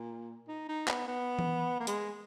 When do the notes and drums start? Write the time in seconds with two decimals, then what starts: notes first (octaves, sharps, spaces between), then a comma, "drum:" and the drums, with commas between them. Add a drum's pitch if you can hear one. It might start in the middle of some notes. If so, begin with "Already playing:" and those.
Already playing: A#2
0.48 D#4
0.68 D#4
0.88 B3, drum: clap
1.07 B3
1.39 drum: tom E3
1.80 A#3
1.87 G#3, drum: hi-hat